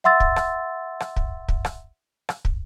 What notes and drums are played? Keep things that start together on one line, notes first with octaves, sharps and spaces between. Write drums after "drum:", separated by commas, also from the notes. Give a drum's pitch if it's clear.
E5 F#5 C6 E6 A6
drum: kick
drum: rim click
drum: rim click
drum: kick
drum: kick
drum: rim click
drum: rim click
drum: kick